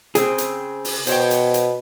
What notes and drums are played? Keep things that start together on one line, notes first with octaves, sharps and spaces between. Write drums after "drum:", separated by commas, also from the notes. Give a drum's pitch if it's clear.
C#3 C4 G#4, drum: hi-hat
drum: hi-hat
drum: open hi-hat
B2 C5 C#5 G5, drum: hi-hat
drum: hi-hat
drum: hi-hat